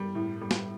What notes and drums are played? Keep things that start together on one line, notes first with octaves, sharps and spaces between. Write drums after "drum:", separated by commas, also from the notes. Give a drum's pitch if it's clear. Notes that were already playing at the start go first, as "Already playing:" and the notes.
Already playing: G3
A2
G3
drum: snare